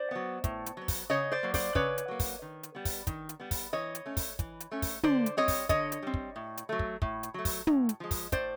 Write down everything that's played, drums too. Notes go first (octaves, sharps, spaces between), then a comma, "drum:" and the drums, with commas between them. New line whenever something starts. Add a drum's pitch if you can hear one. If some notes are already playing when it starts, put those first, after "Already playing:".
Already playing: C5 D5
F#3 B3
A2, drum: kick, hi-hat
drum: hi-hat
F#3 B3
drum: kick, open hi-hat
C#3 C#5 D#5
C5 D5
F#3 A#3
C5 D5, drum: kick, open hi-hat
C#3 B4 C#5, drum: kick
drum: hi-hat
F#3 A#3
drum: kick, open hi-hat
D#3
drum: hi-hat
G3 B3
drum: kick, open hi-hat
D#3, drum: kick, hi-hat
drum: hi-hat
G3 B3
drum: kick, open hi-hat
E3 C#5 D#5
drum: hi-hat
A3 C#4
drum: kick, open hi-hat
E3, drum: kick, hi-hat
drum: hi-hat
A3 C#4
drum: kick, open hi-hat
D3 C5 D5, drum: tom
drum: hi-hat
G3 C4 C#5 D#5
drum: kick, open hi-hat
D3 C#5 D#5, drum: kick, hi-hat
drum: hi-hat
G3 C4
drum: kick
A2
drum: hi-hat
F#3 A3
drum: kick
A2, drum: kick
drum: hi-hat
F#3 A3
drum: kick, open hi-hat
A2, drum: tom
drum: hi-hat
F3 G#3
drum: kick, open hi-hat
A2 C5 D5, drum: kick, hi-hat